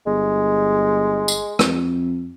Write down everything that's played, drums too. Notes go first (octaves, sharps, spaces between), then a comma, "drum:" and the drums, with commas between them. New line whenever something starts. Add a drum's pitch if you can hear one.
G1 G#3
drum: tambourine
F2, drum: rim click